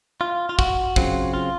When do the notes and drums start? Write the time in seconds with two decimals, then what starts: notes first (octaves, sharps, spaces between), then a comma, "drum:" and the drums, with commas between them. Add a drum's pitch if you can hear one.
0.21 F4
0.49 F4
0.59 F#4, drum: kick
0.96 C#3 F#3 C4 F4, drum: kick
1.34 F4